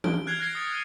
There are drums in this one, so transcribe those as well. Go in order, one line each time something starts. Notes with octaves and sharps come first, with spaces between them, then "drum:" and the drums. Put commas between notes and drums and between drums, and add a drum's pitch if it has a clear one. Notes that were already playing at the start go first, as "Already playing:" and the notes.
D7 G7, drum: tom E3
F6 F#6 G#6 C7 F7 G7
F#6 G#6 A#6 C7 D7
D#6 A6 C#7 D7
F6 F#6 C#7 D#7 G7